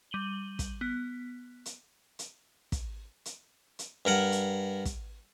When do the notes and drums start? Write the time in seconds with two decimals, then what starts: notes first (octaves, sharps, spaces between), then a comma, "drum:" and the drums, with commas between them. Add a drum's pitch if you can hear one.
0.11 G3 D#7 F#7 G7
0.59 drum: kick, hi-hat
0.81 B3
1.66 drum: hi-hat
2.19 drum: hi-hat
2.72 drum: kick, hi-hat
3.25 drum: hi-hat
3.79 drum: hi-hat
4.05 G2 A#4 F#5
4.32 drum: hi-hat
4.85 drum: kick, hi-hat